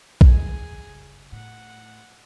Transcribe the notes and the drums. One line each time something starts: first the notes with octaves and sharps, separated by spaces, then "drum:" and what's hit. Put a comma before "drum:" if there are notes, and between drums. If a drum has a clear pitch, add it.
E3 G#4, drum: kick A#1
G1 D2
F#1 G2
A2 F#5